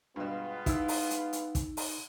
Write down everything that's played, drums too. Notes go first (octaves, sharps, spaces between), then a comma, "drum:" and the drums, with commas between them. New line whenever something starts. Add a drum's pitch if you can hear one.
G2 B2 G#3 B3 F4
D#4 E4 E6, drum: kick, hi-hat
drum: open hi-hat
drum: hi-hat
drum: hi-hat
drum: kick, hi-hat
drum: open hi-hat